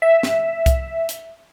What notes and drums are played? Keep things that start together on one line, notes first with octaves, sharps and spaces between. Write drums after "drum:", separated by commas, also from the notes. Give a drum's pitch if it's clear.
E5
drum: snare
drum: kick C2, hi-hat
drum: hi-hat